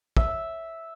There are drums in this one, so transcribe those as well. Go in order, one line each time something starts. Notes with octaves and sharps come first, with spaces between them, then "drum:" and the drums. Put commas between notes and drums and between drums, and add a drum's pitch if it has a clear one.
E5, drum: kick